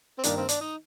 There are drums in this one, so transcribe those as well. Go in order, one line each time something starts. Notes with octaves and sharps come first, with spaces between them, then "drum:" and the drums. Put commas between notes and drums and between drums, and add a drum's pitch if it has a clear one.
C4
G2 D#3 A#3 D4 D#4, drum: hi-hat
C4
D4, drum: hi-hat
D#4